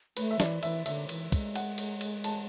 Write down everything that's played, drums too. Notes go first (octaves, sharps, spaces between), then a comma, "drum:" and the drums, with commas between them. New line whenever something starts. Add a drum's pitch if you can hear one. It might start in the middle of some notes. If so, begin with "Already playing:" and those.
A3 B4, drum: cymbal
E5
E3 D5, drum: snare
E3 E5, drum: cymbal
D3 E5, drum: cymbal
E3, drum: cymbal
G#3, drum: kick, cymbal
F#5, drum: cymbal
drum: cymbal
drum: cymbal
A5, drum: cymbal